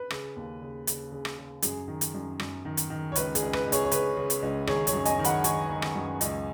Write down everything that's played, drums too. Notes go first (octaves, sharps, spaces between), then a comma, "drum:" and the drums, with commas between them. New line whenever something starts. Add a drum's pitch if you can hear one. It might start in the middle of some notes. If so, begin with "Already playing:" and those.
Already playing: B4
C#3, drum: rim click
D#2
C#3
C#3, drum: hi-hat
C#3
drum: rim click
C#3
F#2 G#4, drum: hi-hat
D#3
drum: hi-hat
F#2
F#2, drum: rim click
D#3
drum: hi-hat
D#3
C#5
C#2 B4, drum: hi-hat
G#4, drum: hi-hat
C#2
B4, drum: rim click
C#2
G#4 C#5, drum: hi-hat
C#5
C#3 B4, drum: hi-hat
C#3
drum: hi-hat
C#2
D#3 G#4 C#5, drum: rim click
G#4 C#5, drum: hi-hat
F#2
D#5 G#5, drum: hi-hat
D#3
F#5 B5, drum: hi-hat
D#3 G#5 C#6, drum: hi-hat
D#3
drum: rim click
F#2
C#2, drum: hi-hat